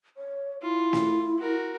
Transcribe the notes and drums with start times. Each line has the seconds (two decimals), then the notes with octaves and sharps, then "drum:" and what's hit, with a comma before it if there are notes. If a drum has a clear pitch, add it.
0.17 C#5
0.62 E4 F4
0.93 drum: snare
1.39 F#4 A#4